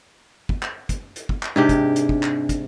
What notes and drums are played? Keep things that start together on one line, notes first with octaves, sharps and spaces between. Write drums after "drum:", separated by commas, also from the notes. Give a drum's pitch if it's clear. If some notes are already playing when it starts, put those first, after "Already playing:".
drum: kick
drum: clap
drum: kick, hi-hat
drum: hi-hat
drum: kick
drum: clap
G#2 C3 D4 G4
drum: kick, hi-hat
drum: hi-hat
drum: kick
drum: clap
drum: kick, hi-hat